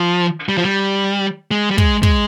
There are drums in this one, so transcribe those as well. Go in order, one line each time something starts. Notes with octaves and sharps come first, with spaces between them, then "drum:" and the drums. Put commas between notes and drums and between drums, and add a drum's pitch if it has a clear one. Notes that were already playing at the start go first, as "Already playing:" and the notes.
Already playing: F3
G3
F3
G3
G#3
G3
G#3, drum: kick
G#3, drum: kick